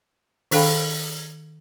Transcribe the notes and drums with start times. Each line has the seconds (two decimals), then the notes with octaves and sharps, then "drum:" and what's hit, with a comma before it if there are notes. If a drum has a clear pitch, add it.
0.51 D#3 D4 A4 F5 G5 B5, drum: open hi-hat